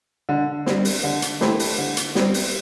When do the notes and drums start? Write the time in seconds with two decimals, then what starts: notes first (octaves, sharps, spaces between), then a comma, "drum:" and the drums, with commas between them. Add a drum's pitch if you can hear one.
0.29 D3
0.66 G3 C4, drum: snare
0.85 drum: open hi-hat
1.03 D3
1.22 drum: hi-hat
1.41 A3 E4 G4 C5, drum: snare
1.59 drum: open hi-hat
1.78 D3
1.97 drum: hi-hat
2.15 G3 C4, drum: snare
2.34 drum: open hi-hat